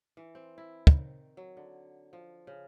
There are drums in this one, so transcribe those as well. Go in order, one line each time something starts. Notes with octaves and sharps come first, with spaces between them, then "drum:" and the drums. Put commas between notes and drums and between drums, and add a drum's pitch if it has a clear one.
E3
C4
E4
D#3, drum: kick
F#3
D3
F3
C#3